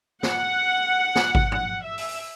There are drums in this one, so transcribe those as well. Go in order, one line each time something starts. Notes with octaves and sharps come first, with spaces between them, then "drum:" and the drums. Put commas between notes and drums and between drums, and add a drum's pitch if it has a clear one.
F#5, drum: snare
drum: snare
drum: kick G#1
F#5, drum: tom
E5
drum: open hi-hat